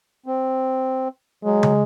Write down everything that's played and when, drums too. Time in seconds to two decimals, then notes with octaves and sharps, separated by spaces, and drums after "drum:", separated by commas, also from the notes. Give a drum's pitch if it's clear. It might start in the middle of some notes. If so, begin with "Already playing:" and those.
0.26 C4
1.44 F#3 G#3
1.63 drum: tom